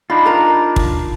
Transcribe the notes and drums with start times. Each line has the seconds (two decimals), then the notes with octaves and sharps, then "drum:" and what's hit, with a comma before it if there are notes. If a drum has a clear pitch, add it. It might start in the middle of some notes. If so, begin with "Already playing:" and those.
0.10 D4 D#4 F4 B5
0.26 A#4 A#5
0.76 drum: kick